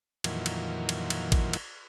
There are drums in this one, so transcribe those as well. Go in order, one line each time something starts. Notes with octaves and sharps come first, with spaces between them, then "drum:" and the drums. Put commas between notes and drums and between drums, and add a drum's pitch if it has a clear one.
F2 A#2 D#3 E3 F#3, drum: cymbal
drum: cymbal
drum: cymbal
drum: cymbal
drum: kick A1, cymbal
drum: cymbal